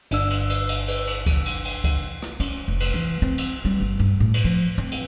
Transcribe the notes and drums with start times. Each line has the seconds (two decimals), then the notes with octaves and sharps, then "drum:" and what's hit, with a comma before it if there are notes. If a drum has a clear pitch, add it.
0.11 G1 D4 E6, drum: cymbal
0.30 drum: cymbal
0.50 drum: cymbal
0.69 drum: cymbal
0.88 drum: cymbal
1.07 drum: cymbal
1.26 drum: kick C#2, cymbal
1.46 drum: cymbal
1.65 drum: cymbal
1.84 drum: kick C#2, cymbal
2.23 drum: rim click
2.40 C#4, drum: cymbal
2.68 F1
2.80 drum: cymbal
2.94 E3
3.22 C4
3.38 drum: cymbal
3.65 G3
3.80 G1
4.00 G2
4.20 A2
4.34 drum: cymbal
4.44 F3
4.78 C4
4.92 drum: cymbal